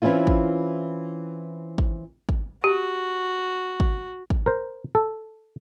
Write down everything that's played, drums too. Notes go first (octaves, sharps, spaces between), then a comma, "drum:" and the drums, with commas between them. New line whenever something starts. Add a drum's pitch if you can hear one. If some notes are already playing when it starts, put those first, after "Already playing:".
E3 C4 C#4 E4 F4
drum: kick
drum: kick
drum: kick
F#4 G4
drum: kick
drum: kick
A#4 C5
A4